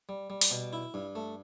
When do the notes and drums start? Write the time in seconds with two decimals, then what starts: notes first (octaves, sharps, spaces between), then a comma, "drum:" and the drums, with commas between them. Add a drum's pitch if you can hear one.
0.09 G3
0.30 G3
0.41 drum: open hi-hat
0.51 B2
0.73 E4
0.94 G2
1.15 A3